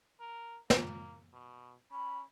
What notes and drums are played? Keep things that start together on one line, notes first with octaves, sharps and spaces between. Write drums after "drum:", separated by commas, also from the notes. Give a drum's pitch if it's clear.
A#4
A#3, drum: snare
B2
C#4 B5